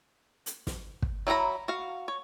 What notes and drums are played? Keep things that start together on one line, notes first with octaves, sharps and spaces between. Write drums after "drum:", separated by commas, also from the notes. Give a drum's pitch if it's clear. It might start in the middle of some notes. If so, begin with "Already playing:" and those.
drum: hi-hat
drum: snare
drum: kick
F#3 E4 A4 A#5 B5
F#4 F5
C#5